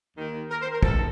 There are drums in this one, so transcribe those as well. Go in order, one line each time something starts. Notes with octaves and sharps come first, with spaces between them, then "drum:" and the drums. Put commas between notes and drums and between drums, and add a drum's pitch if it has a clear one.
D#2 D#3
A#4
C5
A#4
F#2 D#3 A4, drum: kick